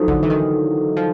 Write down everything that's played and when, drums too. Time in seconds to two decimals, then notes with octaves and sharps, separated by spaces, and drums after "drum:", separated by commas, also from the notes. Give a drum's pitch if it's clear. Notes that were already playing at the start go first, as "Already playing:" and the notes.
Already playing: F3 F#3 D#4 F#4 A4
0.08 D3, drum: kick G#1
0.23 E3
0.30 D#3
0.97 F3